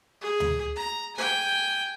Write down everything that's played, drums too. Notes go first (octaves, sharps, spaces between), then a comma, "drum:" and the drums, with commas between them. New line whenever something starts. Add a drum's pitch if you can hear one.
G#4
drum: tom D2
A#5
G5 G#5